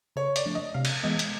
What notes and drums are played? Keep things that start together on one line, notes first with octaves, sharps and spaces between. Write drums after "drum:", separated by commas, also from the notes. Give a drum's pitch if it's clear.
C#3 C#5
D5, drum: hi-hat
F3 A3 D4
D#5
C3 F5
drum: cymbal
E3 G#3 B3 D#5
drum: hi-hat